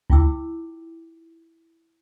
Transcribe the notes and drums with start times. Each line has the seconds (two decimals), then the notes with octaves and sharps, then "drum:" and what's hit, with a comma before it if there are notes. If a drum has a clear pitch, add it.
0.10 E4 F4 G5 D6 E6, drum: kick C#2